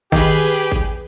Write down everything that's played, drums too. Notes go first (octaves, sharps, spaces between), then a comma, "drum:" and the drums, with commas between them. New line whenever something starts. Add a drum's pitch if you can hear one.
D#3 G4 G#4 B4, drum: kick G#1
drum: kick G#1